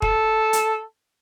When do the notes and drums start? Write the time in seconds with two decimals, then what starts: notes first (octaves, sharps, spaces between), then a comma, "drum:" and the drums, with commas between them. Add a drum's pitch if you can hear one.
0.02 A4, drum: kick
0.53 drum: hi-hat